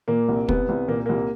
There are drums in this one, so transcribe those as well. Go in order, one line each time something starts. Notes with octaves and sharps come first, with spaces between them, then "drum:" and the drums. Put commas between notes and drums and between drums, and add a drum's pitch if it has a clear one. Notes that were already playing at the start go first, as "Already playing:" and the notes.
A#2 A#3
C2
C2 B3, drum: kick
C2
A#2 A#3
C2 A#3